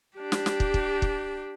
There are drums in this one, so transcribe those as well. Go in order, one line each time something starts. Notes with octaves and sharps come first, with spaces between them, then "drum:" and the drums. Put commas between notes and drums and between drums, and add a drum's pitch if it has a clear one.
D4 G4
drum: snare
drum: snare
drum: kick
drum: kick
drum: kick